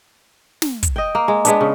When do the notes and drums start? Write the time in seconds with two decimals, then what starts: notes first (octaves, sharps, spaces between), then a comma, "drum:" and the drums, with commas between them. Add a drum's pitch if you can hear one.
0.62 drum: snare
0.83 drum: kick, hi-hat
0.96 D#5 G5
1.15 A#3
1.28 G#3
1.45 G#3 B3 D4, drum: hi-hat
1.61 C#3